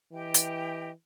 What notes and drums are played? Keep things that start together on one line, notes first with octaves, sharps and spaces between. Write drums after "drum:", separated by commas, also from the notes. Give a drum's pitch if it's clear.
E3 G4 D#5 G5
drum: hi-hat